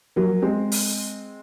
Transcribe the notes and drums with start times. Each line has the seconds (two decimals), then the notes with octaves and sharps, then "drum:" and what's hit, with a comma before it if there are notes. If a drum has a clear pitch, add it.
0.16 F#3 A#3
0.42 G#3 C4
0.72 drum: open hi-hat